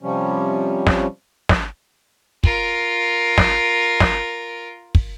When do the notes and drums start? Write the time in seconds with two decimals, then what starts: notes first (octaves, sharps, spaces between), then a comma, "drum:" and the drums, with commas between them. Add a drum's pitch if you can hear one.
0.03 C3 F3 G3 C#4
0.87 drum: snare
1.49 drum: snare
2.44 F4 A#4, drum: kick
3.38 drum: snare
4.00 drum: snare
4.95 drum: kick